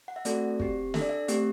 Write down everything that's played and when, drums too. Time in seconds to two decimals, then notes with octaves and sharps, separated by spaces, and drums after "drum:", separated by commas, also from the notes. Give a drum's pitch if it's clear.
0.08 F#5
0.16 E5
0.25 A3 C4 F#4 A4 D5, drum: hi-hat
0.60 C4 G4, drum: kick
0.94 D4 A4 E5, drum: snare
1.02 D5
1.09 E5
1.28 A3 C4 G4, drum: hi-hat